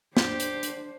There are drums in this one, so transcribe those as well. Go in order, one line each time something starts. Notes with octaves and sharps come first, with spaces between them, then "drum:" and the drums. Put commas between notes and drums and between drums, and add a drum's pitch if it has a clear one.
D4 G4 C5, drum: snare
drum: hi-hat
drum: hi-hat